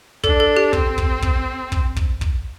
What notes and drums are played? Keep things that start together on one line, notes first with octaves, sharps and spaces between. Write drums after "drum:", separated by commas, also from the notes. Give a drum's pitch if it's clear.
D4 A4, drum: kick
A4
G4
C4, drum: kick
drum: kick
drum: kick
drum: kick
drum: kick
drum: kick